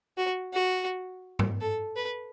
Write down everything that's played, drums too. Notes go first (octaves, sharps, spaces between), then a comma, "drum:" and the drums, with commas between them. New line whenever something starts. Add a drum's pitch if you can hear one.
F#4
F#4
drum: tom G#2
A4
B4